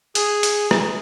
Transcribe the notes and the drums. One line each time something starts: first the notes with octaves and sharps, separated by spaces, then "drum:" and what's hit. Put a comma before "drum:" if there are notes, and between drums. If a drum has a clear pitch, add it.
G#4, drum: hi-hat
drum: hi-hat
drum: rim click